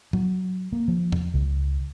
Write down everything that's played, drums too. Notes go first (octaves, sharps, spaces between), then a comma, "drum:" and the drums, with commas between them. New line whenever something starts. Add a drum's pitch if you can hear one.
F#3, drum: tom A2
A#3
F3
drum: tom E2
C#2